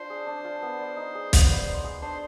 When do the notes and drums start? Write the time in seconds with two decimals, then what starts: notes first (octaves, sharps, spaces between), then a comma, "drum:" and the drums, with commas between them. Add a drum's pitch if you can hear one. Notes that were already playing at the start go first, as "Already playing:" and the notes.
Already playing: D4 F4 C5
0.10 G#4
0.27 D4
0.44 F4
0.62 B3
0.80 D5
0.97 D#4
1.15 G#4
1.33 B3, drum: kick, hi-hat
1.50 D5
1.68 D#4
1.84 G#4
2.02 D4 C5